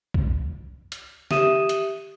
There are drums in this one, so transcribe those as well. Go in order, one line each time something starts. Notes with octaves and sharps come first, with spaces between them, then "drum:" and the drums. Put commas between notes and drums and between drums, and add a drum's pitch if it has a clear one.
drum: kick B1
drum: hi-hat
G4 E5 D#6 D#7 E7, drum: snare
drum: hi-hat